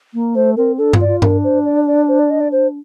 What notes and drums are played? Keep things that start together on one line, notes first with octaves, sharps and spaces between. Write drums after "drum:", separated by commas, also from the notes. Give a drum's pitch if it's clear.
A#3
A3 C5
C4 A#4
D4 A4
F4, drum: tom G2
D5
F4
D4 A#4, drum: tom G2
C5
D5
D5
C5
D5
D#5
D5
C5